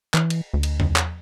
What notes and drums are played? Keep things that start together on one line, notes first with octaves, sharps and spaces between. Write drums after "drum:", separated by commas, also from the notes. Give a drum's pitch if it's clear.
E3, drum: clap
drum: cymbal
D2
drum: cymbal
drum: tom E2
drum: clap